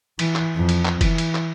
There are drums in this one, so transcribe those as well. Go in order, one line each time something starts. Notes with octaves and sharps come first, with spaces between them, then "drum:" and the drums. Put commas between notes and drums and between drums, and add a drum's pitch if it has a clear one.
E3, drum: cymbal
drum: clap
F2
drum: cymbal
drum: clap
E3, drum: kick F1, cymbal
drum: cymbal
drum: clap